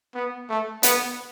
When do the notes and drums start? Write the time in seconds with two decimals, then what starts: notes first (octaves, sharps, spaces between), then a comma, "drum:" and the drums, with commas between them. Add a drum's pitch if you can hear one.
0.15 B3
0.49 A3
0.83 B3, drum: hi-hat